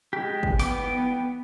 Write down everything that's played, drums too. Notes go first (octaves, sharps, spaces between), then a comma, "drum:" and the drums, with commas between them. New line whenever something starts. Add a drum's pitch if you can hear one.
G#3 G4
drum: kick
B3 G5 D6, drum: open hi-hat